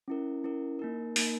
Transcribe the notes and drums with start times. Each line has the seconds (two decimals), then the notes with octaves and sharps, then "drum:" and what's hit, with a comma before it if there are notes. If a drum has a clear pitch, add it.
0.08 C#4 E4 A#4
0.44 C#4 E4 A#4
0.79 A#3 D#4 A#4
1.16 A#3 D#4 A#4, drum: open hi-hat